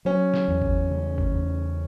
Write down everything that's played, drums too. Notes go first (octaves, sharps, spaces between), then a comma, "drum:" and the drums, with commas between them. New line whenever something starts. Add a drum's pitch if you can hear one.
F#3 C#4
drum: snare
E2
drum: kick G1
C#3
drum: kick G1
E2